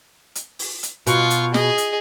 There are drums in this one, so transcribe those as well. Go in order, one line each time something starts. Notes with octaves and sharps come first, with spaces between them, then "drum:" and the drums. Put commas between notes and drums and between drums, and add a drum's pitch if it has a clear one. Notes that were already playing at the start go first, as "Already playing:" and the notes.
drum: hi-hat
drum: open hi-hat
drum: hi-hat
B2 F4 C#6, drum: hi-hat
drum: hi-hat
G#4 D#5, drum: snare
drum: hi-hat